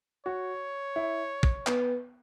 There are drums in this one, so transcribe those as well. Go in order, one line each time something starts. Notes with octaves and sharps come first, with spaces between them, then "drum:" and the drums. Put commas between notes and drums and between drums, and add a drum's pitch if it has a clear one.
F#4 C#5
E4
drum: kick
B3, drum: clap